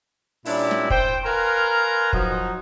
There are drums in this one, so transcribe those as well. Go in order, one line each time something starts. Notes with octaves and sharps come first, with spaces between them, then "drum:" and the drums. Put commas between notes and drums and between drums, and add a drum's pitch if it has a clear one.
A#2 G3 C#4 D4 E4, drum: open hi-hat
drum: snare
C5 G5, drum: kick
A#4 B4 F5 G#5 A#5 C6
F3 F#3 D#4, drum: kick